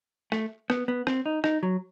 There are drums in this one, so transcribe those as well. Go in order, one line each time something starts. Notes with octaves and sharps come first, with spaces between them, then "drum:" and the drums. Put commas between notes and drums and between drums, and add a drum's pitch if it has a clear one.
A3, drum: rim click
B3, drum: rim click
B3
C4, drum: rim click
D#4
D#4, drum: rim click
F#3